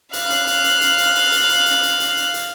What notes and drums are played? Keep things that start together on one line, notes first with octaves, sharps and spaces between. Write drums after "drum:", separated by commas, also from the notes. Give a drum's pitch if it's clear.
F5 F#6, drum: hi-hat
drum: hi-hat
drum: hi-hat
drum: hi-hat
drum: hi-hat
drum: hi-hat
drum: open hi-hat
drum: hi-hat
drum: hi-hat
drum: hi-hat
drum: hi-hat
drum: hi-hat
drum: hi-hat
drum: hi-hat